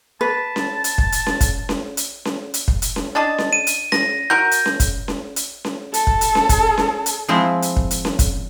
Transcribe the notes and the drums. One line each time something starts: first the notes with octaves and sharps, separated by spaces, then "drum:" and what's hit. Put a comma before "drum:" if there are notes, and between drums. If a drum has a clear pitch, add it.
B4 A5
drum: snare C#4
drum: hi-hat
drum: kick
drum: hi-hat
drum: snare C#4
drum: kick, hi-hat
drum: snare C#4
drum: hi-hat
drum: snare C#4
drum: hi-hat
drum: kick
drum: hi-hat
drum: snare C#4
D4 D#5 A5
drum: snare C#4
D#7
drum: hi-hat
A#6, drum: snare C#4
F#4 A#4 G6
drum: hi-hat
drum: snare C#4
drum: kick, hi-hat
drum: snare C#4
drum: hi-hat
drum: snare C#4
A4, drum: hi-hat
drum: kick
drum: hi-hat
drum: snare C#4
drum: kick, hi-hat
drum: snare C#4
drum: hi-hat
F3 G#3 C4 E4
drum: hi-hat
drum: kick
drum: hi-hat
drum: snare C#4
drum: kick, hi-hat